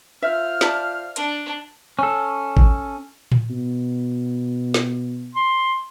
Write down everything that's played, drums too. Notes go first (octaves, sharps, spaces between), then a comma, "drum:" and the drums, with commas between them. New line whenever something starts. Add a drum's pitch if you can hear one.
F4 C5 E5 F6
D5 E5 A5, drum: snare
D4, drum: hi-hat
C#4 A4
drum: kick G#1
drum: tom A2
B2
drum: snare
C6